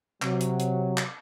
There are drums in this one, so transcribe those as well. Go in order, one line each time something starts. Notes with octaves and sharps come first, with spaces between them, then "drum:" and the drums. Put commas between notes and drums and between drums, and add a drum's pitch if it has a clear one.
C3 F#3, drum: clap
drum: hi-hat
drum: hi-hat
drum: clap